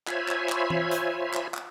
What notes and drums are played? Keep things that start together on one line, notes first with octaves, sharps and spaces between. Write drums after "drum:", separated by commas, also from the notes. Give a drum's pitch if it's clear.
F4 C5 C#5 E5 G#5 B5, drum: clap
drum: clap
drum: clap
drum: tom E3
drum: hi-hat
drum: clap
drum: clap